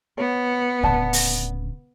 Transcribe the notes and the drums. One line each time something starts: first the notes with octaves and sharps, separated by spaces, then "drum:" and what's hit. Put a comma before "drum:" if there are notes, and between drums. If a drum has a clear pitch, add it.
B3 C#5
D1 C#3 D5 F#5 A5
drum: open hi-hat